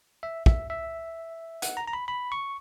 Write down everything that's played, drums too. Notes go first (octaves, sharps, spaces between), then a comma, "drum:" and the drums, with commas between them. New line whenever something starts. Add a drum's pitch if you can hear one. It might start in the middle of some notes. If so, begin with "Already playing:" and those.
E5
E5, drum: kick
E5
F#5, drum: hi-hat
A#5
A#5
B5
B5
C#6